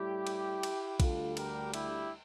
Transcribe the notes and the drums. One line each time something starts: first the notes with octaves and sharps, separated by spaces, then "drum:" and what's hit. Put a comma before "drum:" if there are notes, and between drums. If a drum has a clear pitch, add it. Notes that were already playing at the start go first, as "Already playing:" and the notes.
Already playing: A2 G3 E4 G4
drum: cymbal
drum: cymbal
D2 D3 G3 F4 A4, drum: kick A#1, cymbal
G4 A#4, drum: cymbal
E4 G4, drum: cymbal